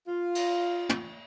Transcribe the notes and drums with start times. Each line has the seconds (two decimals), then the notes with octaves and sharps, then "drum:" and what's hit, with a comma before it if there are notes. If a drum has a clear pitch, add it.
0.08 F4
0.35 drum: cymbal
0.89 drum: tom